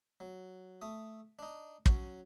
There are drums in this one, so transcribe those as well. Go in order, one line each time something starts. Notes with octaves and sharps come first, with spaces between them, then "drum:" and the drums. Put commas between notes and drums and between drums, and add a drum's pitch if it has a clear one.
F#3
A3 D#6
D4 D#4
F#3 C#4, drum: kick